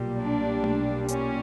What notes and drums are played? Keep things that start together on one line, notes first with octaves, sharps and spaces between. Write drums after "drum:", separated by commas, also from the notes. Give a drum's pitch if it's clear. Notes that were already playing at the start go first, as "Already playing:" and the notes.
Already playing: B1 A#2 G3
D4
drum: tom A3
C#4, drum: hi-hat